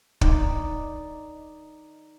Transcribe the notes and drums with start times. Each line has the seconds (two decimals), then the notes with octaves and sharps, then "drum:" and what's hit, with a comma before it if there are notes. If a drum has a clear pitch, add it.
0.21 D#4 D5, drum: kick